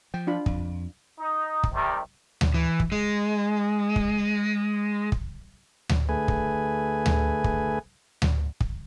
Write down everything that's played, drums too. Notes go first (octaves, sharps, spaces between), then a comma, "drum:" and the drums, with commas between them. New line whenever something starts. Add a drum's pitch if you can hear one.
F3 G5
D4 F4 B5
F2, drum: kick
D#4
drum: kick
C3 D#3 G3 A3
drum: tom D2
E3
drum: kick
G#3
drum: kick
drum: kick
drum: tom D2
D2 A3 G#4 B4 G#5
drum: kick
drum: tom D2
drum: kick
drum: tom D2
drum: kick